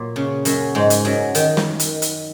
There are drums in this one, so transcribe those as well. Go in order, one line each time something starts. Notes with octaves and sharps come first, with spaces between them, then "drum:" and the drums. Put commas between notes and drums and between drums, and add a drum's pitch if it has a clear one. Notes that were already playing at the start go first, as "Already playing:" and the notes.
Already playing: A#2 F#3
C#3
F#2 F#3, drum: hi-hat
G#2 G#3
drum: hi-hat
F#2 F#3
D#3, drum: hi-hat
drum: snare
drum: hi-hat
drum: hi-hat